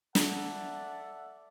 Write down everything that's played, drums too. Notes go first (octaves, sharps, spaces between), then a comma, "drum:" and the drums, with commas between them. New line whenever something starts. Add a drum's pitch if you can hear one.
A4 D5 E5 F#5, drum: snare